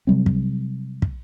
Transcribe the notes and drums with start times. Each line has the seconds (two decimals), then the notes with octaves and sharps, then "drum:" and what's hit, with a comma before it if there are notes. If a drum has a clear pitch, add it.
0.07 C3 F#3 G3 C4
0.26 drum: kick
1.02 drum: kick